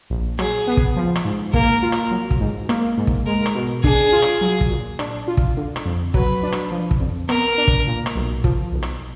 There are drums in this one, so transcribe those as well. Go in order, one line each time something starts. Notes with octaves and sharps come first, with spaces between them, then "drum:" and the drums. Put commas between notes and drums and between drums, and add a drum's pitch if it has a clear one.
A#1
F#3 G#4, drum: rim click
B3
drum: kick
F3
drum: rim click
G#2
A#3 A#4, drum: kick
F4
drum: rim click
F#3
drum: kick
G#2
A#3, drum: rim click
G#2
drum: kick
G#3 A#4
drum: rim click
B2
D4 G#4, drum: kick
F4
drum: rim click
F#3
drum: kick
A#2
D4, drum: rim click
F4
drum: kick
D3
drum: rim click
F2
F#3 B4, drum: kick
D4
drum: rim click
F3
drum: kick
F2
B3 A#4, drum: rim click
D4
drum: kick
A#2
drum: rim click
B1
F3, drum: kick
B1
drum: rim click